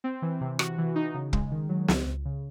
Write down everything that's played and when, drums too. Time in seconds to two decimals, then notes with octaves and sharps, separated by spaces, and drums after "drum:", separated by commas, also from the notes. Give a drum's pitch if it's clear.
0.04 C4
0.22 E3
0.41 C3
0.59 F#4, drum: rim click
0.78 E3
0.96 D#4
1.14 C#3
1.33 G#3, drum: kick
1.51 D#3
1.69 F#3
1.88 C#2, drum: snare
2.06 C#2
2.25 C#3